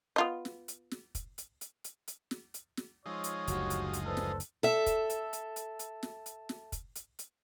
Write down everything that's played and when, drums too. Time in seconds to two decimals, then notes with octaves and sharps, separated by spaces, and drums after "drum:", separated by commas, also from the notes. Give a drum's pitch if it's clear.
0.16 B3 F4 D#5
0.45 drum: snare
0.68 drum: hi-hat
0.91 drum: snare
1.15 drum: kick, hi-hat
1.38 drum: hi-hat
1.61 drum: hi-hat
1.84 drum: hi-hat
2.08 drum: hi-hat
2.31 drum: snare
2.54 drum: hi-hat
2.77 drum: snare
3.06 F3 G#3 D#4 F4 C#5 E6 F6
3.24 drum: hi-hat
3.48 F#1 D2 F#4 G4, drum: hi-hat
3.70 drum: hi-hat
3.93 drum: hi-hat
4.05 A4 B4 C5 D5
4.17 drum: snare
4.40 drum: hi-hat
4.63 A4 E5, drum: snare
4.86 drum: kick, hi-hat
5.10 drum: hi-hat
5.33 drum: hi-hat
5.56 drum: hi-hat
5.79 drum: hi-hat
6.03 drum: snare
6.26 drum: hi-hat
6.49 drum: snare
6.72 drum: kick, hi-hat
6.96 drum: hi-hat
7.19 drum: hi-hat